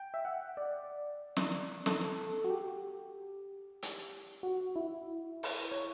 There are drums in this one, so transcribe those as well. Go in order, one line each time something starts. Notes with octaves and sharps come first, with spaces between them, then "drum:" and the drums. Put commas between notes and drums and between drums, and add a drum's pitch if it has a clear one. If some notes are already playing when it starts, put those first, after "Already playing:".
Already playing: G5
E5
F#5
D5
drum: snare
A4, drum: snare
F#4
G4
drum: hi-hat
F#4
E4
drum: open hi-hat
C#5